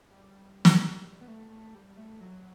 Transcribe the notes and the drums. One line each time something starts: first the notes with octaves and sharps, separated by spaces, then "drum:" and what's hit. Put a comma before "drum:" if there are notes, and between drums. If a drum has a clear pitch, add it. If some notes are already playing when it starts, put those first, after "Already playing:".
G3
drum: snare
B3
A3
A3
G3
A3
F#3